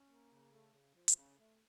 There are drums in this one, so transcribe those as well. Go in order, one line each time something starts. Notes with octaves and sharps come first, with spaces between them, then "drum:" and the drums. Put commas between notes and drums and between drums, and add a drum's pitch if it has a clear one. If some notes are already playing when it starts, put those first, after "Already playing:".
Already playing: C#4
A#3
C#3
A3
C#3
F3
drum: hi-hat
C#3
A3